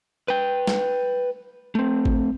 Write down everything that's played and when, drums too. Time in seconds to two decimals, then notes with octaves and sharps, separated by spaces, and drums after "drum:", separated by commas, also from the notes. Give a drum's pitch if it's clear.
0.28 B4 G5
0.67 drum: snare
1.75 A3 C4
2.05 drum: kick G#1